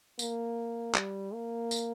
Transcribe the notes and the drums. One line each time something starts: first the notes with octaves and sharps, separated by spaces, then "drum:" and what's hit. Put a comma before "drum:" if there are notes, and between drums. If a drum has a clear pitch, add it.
A#3, drum: tambourine
G3, drum: clap
A#3
drum: tambourine